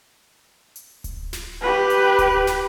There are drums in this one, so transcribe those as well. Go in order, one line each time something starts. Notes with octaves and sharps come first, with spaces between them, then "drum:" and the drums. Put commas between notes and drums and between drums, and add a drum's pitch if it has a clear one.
drum: hi-hat
drum: kick D1, hi-hat
drum: snare
G4 B4
drum: hi-hat
drum: kick D1, hi-hat
drum: snare